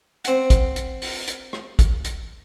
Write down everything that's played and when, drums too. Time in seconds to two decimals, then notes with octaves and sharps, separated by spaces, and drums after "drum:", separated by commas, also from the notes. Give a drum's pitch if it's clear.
0.25 C4 F#5, drum: hi-hat
0.50 drum: kick, hi-hat
0.76 drum: hi-hat
1.02 drum: open hi-hat
1.27 drum: hi-hat
1.53 drum: rim click
1.79 drum: kick, hi-hat
2.04 drum: hi-hat